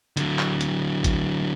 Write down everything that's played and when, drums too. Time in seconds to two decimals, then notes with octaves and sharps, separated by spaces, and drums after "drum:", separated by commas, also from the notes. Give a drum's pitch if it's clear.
0.17 D3 F#3, drum: hi-hat
0.39 drum: clap
0.61 drum: hi-hat
1.04 drum: kick G1, hi-hat